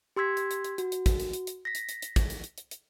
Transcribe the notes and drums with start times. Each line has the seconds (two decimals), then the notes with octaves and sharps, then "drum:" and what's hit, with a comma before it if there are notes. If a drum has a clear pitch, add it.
0.16 G4 C6 E6 G#6 B6
0.37 drum: hi-hat
0.51 drum: hi-hat
0.64 drum: hi-hat
0.78 F#4, drum: hi-hat
0.92 drum: hi-hat
1.06 drum: kick, hi-hat
1.20 drum: hi-hat
1.33 drum: hi-hat
1.47 drum: hi-hat
1.65 A#6 B6
1.75 drum: hi-hat
1.89 drum: hi-hat
2.02 drum: hi-hat
2.16 drum: kick, hi-hat
2.30 drum: hi-hat
2.44 drum: hi-hat
2.58 drum: hi-hat
2.71 drum: hi-hat